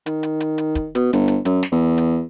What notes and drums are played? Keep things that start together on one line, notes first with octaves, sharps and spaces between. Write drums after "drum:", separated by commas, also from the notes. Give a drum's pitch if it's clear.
D#3, drum: hi-hat
drum: hi-hat
drum: hi-hat
drum: hi-hat
drum: kick, hi-hat
B2, drum: hi-hat
G1, drum: hi-hat
drum: hi-hat
F#2, drum: hi-hat
drum: snare
E2
drum: hi-hat